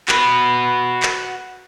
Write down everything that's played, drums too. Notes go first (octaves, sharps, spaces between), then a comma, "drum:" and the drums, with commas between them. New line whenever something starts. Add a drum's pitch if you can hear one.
F#4 B4, drum: clap
drum: clap